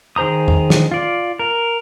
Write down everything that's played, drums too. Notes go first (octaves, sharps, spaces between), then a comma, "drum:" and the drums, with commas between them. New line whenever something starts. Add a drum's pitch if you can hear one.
D#3 G#4 C5 A#5 D#6
drum: tom
drum: snare
F4 D5
A#4